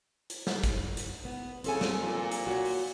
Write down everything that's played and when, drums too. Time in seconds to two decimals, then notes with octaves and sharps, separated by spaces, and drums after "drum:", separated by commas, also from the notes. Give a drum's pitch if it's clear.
0.30 drum: hi-hat
0.47 drum: snare
0.64 drum: kick, hi-hat
0.97 drum: hi-hat
1.25 B3
1.64 C#3 C4 A4 G#5, drum: hi-hat
1.81 drum: snare
2.02 A#2
2.32 drum: hi-hat
2.47 F#4 C#5
2.65 drum: open hi-hat